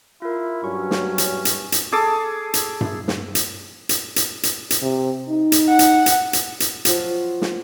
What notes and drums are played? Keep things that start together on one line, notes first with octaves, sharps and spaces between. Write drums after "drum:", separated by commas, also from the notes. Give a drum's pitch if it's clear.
E4 F4 A#4
G2 F#3 C#4 C#6
drum: snare
drum: hi-hat
drum: hi-hat
drum: hi-hat
G#4 A4 D6
drum: hi-hat
drum: tom G2
drum: snare
drum: hi-hat
drum: hi-hat
drum: hi-hat
drum: hi-hat
drum: hi-hat
C3
D#4
drum: hi-hat
F#5
drum: hi-hat
drum: hi-hat
drum: hi-hat
drum: hi-hat
F3 F#3 F4 F#4, drum: hi-hat
drum: snare